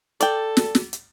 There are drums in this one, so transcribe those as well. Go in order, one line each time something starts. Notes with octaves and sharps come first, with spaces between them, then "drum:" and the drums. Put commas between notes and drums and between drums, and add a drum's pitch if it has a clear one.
A4 D5 G5, drum: hi-hat
drum: snare
drum: snare
drum: hi-hat